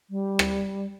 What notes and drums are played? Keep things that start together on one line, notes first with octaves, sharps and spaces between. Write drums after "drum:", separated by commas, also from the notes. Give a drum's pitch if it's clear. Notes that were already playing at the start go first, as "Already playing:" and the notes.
G3
drum: rim click